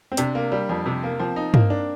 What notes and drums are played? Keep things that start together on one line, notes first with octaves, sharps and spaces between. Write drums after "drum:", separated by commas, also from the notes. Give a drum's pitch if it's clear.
C4
C3 D4, drum: hi-hat
A#3
G3
F2
C3
A#3
F3 C4
D#4
A#3, drum: tom
D4